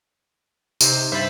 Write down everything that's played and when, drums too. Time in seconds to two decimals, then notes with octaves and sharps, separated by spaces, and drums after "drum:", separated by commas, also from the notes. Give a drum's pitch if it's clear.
0.81 C3 D#4 C5, drum: tambourine
1.12 G2 C5 E5 B5 A6